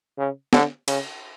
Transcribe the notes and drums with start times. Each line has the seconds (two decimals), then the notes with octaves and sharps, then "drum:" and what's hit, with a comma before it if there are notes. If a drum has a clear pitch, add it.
0.18 C#3
0.53 D3, drum: snare
0.88 C#3, drum: cymbal